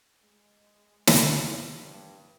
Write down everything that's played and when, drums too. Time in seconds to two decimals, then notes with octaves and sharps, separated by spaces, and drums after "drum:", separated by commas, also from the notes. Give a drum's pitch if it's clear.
0.22 G#3
1.07 F5, drum: snare
1.74 G2